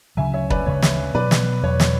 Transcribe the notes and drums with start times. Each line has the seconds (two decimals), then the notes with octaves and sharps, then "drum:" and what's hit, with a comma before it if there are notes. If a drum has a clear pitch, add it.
0.17 D2 C#3 F#3 E5 G#5
0.34 C#5 E5
0.50 B4 D5, drum: kick
0.66 D2 C#3 G#3 C#5
0.82 drum: snare
1.15 B2 F#3 B3 B4 D5
1.31 drum: snare
1.63 E2 B2 F#3 C#5
1.80 drum: snare